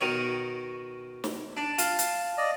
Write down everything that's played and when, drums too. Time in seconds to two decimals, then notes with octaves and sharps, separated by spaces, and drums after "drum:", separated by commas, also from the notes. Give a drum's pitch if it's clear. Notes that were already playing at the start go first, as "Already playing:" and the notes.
0.01 B2 D#3 C#5
1.24 drum: snare
1.57 D4 A5
1.78 F4, drum: hi-hat
1.99 drum: hi-hat
2.37 D5 D#5